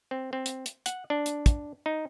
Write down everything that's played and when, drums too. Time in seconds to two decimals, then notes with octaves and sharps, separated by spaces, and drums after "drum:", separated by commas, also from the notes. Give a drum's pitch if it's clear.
0.11 C4
0.33 C4
0.46 drum: hi-hat
0.66 drum: hi-hat
0.86 F#5, drum: hi-hat
1.10 D4
1.26 drum: hi-hat
1.46 drum: kick, hi-hat
1.86 D#4